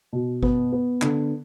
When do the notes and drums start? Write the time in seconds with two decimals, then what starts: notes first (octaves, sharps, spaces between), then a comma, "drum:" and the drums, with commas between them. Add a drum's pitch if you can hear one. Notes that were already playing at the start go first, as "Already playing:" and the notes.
0.13 B2
0.43 B3, drum: kick G1
0.72 B3
1.02 D3, drum: clap